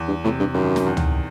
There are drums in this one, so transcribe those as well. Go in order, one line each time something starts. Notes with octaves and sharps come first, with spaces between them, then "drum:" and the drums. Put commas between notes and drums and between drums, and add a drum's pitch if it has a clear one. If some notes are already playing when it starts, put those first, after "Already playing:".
Already playing: E2
G2
A2 C3
G2
F#2 D#3
drum: snare
E2
drum: tom